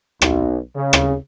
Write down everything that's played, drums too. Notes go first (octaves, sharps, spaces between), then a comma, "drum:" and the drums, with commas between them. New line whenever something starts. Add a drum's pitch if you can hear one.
B1, drum: rim click
C#3
drum: rim click